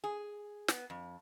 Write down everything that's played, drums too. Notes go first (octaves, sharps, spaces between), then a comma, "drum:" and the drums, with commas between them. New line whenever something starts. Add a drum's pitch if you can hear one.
G#4
B3, drum: snare
F2